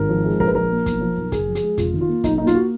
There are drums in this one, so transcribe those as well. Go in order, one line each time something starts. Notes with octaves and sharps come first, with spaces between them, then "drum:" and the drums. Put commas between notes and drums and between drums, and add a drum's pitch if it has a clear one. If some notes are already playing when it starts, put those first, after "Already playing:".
Already playing: G#1 A#4
F3
G#3
A#1 A#4, drum: kick
B4
F3 A#4
A#3
B1, drum: kick, hi-hat
F3
B1
F#1 G#4, drum: kick, hi-hat
F3
G#4, drum: hi-hat
G#3
F1 F4, drum: kick, hi-hat
D#3
F4
A#3
B1 D#4, drum: kick, hi-hat
A#3 D#4
F4, drum: hi-hat
F#4